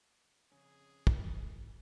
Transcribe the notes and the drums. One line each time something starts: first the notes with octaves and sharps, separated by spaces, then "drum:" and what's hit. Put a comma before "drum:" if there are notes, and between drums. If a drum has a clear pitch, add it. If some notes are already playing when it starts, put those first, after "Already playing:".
F2 C#3 C#4 G#4
drum: kick